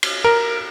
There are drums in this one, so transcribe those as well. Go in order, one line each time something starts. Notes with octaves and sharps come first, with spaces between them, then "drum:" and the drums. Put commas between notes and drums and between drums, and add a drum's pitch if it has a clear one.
drum: cymbal
A#4